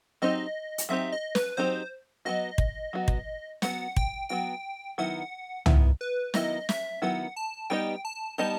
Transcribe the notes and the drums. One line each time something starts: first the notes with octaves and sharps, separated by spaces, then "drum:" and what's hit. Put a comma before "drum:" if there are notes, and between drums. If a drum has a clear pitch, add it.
F#3 C4 D#4 G4 D#5
drum: hi-hat
F#3 C4 D#4 G4 E5
D#5
B4, drum: snare
F#3 C4 D#4 G4 C5
F#3 B3 F#4 D#5
drum: kick
F#3 B3 F#4
drum: kick
F#3 B3 F#4 F#5, drum: snare
G5, drum: kick
F#3 B3 F#4 G5
D#3 F#3 B3 E4 F#5
D#3 F#3 B3 E4, drum: tom
B4
D#3 F#3 B3 E4 D#5, drum: snare
E5, drum: snare
D#3 F#3 B3 E4 F#5
A5
G3 B3 D#4 G4 D#5 G5
A5
G3 B3 D#4 G4 D#5 A5